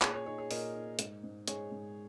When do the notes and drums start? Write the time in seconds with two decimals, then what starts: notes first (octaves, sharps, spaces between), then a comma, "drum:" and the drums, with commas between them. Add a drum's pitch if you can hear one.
0.02 A#2 G#4 C#5, drum: clap
0.14 G#4 C#5
0.26 D#4 G#4 C#5
0.38 G#4 C#5
0.51 A#2 A#4 D#5, drum: open hi-hat
0.75 D#4
0.99 G#2, drum: hi-hat
1.24 G#2
1.48 G#2 G#4 C#5, drum: hi-hat
1.72 G#2